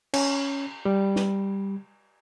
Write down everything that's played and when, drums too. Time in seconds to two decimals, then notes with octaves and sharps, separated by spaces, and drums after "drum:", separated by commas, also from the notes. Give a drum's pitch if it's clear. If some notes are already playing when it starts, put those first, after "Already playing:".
0.14 C#4, drum: cymbal
0.85 G3
1.16 drum: snare